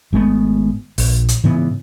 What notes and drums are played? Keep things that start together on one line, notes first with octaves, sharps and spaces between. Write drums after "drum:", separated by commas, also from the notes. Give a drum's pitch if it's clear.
G#1 G#3 A3 B3
A#1, drum: open hi-hat
drum: hi-hat
G#2 C#3 E3 B3